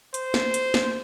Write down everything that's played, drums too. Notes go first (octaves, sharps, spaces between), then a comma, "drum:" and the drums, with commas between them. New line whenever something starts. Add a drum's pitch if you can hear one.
C5, drum: hi-hat
drum: snare
drum: hi-hat
drum: snare